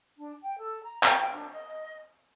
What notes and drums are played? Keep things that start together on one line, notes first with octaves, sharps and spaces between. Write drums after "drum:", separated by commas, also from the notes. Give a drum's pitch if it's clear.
D4
G5
A4
A#5
G5, drum: clap
G5
D4
D#5